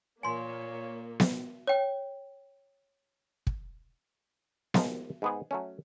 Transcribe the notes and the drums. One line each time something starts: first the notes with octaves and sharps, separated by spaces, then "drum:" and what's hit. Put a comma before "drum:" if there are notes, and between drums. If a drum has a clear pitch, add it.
A#2 A#3 C#5 G#5 C6
drum: snare B3
C#5 G5
drum: kick
D#2 F3 G#3 A#4 A#5, drum: snare B3
G#2 B3 G#4
F#3 A3 C#4